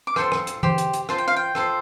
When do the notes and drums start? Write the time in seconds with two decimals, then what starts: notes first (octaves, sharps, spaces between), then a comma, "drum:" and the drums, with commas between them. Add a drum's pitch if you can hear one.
0.07 D6
0.16 F4 A4 C5 G5 C6, drum: rim click
0.32 drum: rim click
0.47 drum: hi-hat
0.63 G4 C5, drum: tom E3
0.78 drum: hi-hat
0.93 drum: hi-hat
1.09 F4 C5 A5, drum: rim click
1.18 G5
1.28 F5
1.36 G5
1.55 F4 A4 C5, drum: rim click